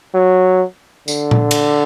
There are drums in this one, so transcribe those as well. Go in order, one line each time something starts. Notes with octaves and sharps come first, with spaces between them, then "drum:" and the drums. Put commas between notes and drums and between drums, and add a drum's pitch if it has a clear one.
F#3
D3, drum: tambourine
drum: tom A#2
drum: cymbal